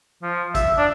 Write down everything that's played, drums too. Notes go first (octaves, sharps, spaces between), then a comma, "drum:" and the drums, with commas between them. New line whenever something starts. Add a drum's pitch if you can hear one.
F3
E5, drum: kick G#1, hi-hat
D4